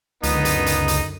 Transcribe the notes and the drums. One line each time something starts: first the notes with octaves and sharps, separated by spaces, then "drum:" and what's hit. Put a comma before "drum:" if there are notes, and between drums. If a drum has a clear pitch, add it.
C#2 F#2 D3 B3 D#4, drum: hi-hat
drum: hi-hat
drum: hi-hat
drum: hi-hat